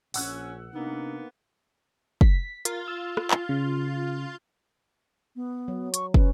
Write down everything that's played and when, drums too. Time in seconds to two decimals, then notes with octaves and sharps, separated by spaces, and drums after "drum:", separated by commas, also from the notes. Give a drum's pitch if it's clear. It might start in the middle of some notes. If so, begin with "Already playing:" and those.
0.14 A#1 C#4 F#5 E6 F#6, drum: open hi-hat
0.73 C3 A#3 B3 D4 D#4
2.21 B6, drum: kick
2.65 F4 A#4, drum: hi-hat
2.88 E6
3.17 drum: rim click
3.31 drum: clap
3.49 C#3
5.36 B3
5.68 F#3
5.94 C#6, drum: hi-hat
6.14 C#4 B4, drum: kick